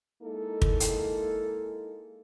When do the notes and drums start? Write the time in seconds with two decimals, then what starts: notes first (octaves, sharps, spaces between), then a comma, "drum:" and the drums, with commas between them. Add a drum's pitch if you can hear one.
0.23 G#3 A#3 D#4 E4 A4
0.62 drum: kick
0.80 drum: hi-hat